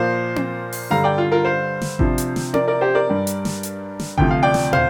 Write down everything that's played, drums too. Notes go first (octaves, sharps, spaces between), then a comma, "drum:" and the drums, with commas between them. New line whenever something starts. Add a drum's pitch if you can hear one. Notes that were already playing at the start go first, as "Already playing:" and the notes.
Already playing: A#2 F3 A#3 C5 F5
drum: tom C4
drum: open hi-hat
G2 D3 G3 F5 A#5
D5 G5
F4
F4 A#4
C5 F5
drum: snare
C3 F3 D4, drum: kick G#1
drum: hi-hat
drum: snare
A#4 D5, drum: tom C4
A#4 D5
G4 C5
A#4 D5
G2 G3 D4
drum: hi-hat
drum: snare
drum: hi-hat
drum: snare
D2 C3 F3 G5, drum: kick G#1
F5
D5 G5
drum: snare
C5 F5, drum: tom